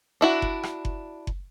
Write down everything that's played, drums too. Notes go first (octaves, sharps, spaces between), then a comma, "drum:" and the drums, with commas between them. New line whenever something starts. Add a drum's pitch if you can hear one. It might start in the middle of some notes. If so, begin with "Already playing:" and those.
D4 E4 F#4
drum: kick F#1
drum: rim click
drum: kick F#1
drum: kick F#1